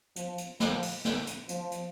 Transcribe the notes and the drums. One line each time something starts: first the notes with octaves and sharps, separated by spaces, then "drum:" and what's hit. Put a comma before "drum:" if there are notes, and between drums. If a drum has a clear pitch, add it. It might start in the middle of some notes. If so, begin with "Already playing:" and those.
F3, drum: hi-hat
drum: hi-hat
F3, drum: snare
drum: open hi-hat
drum: snare
drum: hi-hat
F3, drum: hi-hat
drum: hi-hat